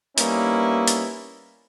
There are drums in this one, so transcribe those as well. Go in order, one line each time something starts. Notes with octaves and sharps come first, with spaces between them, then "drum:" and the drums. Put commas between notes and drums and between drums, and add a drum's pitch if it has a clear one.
G3 A#3 B3 C#4 D#4 E4, drum: hi-hat
drum: hi-hat